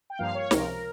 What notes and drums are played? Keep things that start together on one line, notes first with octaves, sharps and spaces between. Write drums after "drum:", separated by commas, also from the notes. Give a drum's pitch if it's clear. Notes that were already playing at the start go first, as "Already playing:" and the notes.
G5
G2 F3 A#3 F5
C#5
C#2 C3 F3 A#4, drum: snare